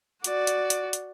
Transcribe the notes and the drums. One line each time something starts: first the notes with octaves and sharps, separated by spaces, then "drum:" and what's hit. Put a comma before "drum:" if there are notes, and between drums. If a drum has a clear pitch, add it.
F#4 D5, drum: hi-hat
drum: hi-hat
drum: hi-hat
drum: hi-hat